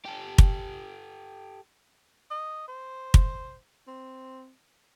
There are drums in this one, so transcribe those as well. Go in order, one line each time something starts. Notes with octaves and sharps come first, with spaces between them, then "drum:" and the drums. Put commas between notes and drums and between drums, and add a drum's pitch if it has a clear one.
G4 A4
drum: kick
D#5
C5
drum: kick
C4